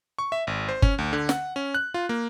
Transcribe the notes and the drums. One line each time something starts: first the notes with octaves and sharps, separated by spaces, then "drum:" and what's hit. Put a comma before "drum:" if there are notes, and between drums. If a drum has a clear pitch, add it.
C#6
E5
G#1
C5
C#4, drum: kick G1
D2
D3
F#5, drum: snare
C#4
F#6
F4
A#3